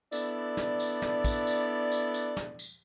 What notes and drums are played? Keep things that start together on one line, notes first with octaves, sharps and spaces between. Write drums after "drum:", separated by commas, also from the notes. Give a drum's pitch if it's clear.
B3 D4 E4 A4 D5, drum: tambourine
drum: snare
drum: tambourine
drum: snare
drum: kick, tambourine
drum: tambourine
drum: tambourine
drum: tambourine
drum: snare
drum: tambourine